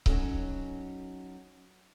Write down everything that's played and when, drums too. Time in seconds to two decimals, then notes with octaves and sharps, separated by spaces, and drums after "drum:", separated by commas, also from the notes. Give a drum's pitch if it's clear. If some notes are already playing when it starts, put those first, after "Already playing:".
0.06 F#3 C#4 D#4 F#4 A4, drum: kick C#1